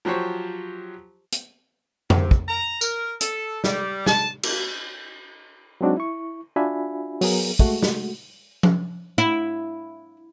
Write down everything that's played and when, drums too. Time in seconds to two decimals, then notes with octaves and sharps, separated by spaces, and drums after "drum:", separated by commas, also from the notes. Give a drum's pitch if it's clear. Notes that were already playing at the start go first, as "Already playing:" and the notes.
0.05 F3 F#3 G4 C5 C#5
1.32 drum: hi-hat
2.10 C3, drum: tom F2
2.31 drum: kick
2.48 A#5
2.81 A#4, drum: tambourine
3.21 A4, drum: hi-hat
3.64 G3, drum: snare
4.06 A5, drum: snare
4.43 A#3, drum: cymbal
5.81 F#3 G#3 C4 D4 D#4 F#4
5.97 E4 C#6
6.56 D4 F4 F#4 E5 G#5 B5
7.21 F#3 B3 G#4 A#4, drum: open hi-hat
7.59 G#3 A3 F#4, drum: kick
7.83 drum: snare
8.63 drum: tom F3
9.18 E4